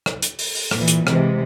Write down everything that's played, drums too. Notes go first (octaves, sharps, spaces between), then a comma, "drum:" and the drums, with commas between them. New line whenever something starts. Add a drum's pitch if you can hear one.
drum: rim click
drum: hi-hat
drum: open hi-hat
drum: open hi-hat
A#2 E3, drum: rim click
drum: hi-hat
C3 E3 G#3, drum: rim click